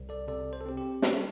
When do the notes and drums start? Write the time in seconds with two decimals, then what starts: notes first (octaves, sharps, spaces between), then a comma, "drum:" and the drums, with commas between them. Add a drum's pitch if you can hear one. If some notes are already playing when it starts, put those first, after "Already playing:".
Already playing: C2
0.09 A4 D5
0.28 C3 A4 D5
0.53 C5
0.61 A4
0.66 C4 G4 C5
0.77 G4
1.02 G3 G4, drum: snare
1.14 A4